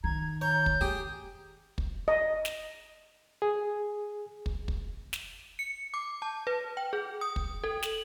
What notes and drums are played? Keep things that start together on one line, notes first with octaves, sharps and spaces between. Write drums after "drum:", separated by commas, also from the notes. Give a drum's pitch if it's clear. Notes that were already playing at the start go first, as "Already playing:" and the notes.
D#3 A#5 G#6
C#5 G6
drum: kick
C4 G4 G#4
drum: kick
D#5
drum: snare
G#4
drum: kick
drum: kick
drum: snare
C#7
D6
A5
B4
G5
G#4
D#6
drum: kick
A4
F#7, drum: snare